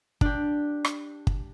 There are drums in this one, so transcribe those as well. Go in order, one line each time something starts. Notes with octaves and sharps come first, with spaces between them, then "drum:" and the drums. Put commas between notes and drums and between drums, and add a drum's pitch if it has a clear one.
D4 G4, drum: kick
drum: rim click
drum: kick